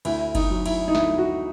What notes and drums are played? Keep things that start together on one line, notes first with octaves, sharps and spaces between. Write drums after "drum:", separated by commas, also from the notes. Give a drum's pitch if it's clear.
D2 E4, drum: cymbal
D#4, drum: kick F#1, cymbal
F#3
E4, drum: cymbal
D#4
D2 E4, drum: snare
F#4